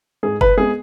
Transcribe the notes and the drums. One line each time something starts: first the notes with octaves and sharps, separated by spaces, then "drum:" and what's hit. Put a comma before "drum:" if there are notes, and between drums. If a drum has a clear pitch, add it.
G#2 G#4
B4, drum: kick F#1
G#3 B3 G#4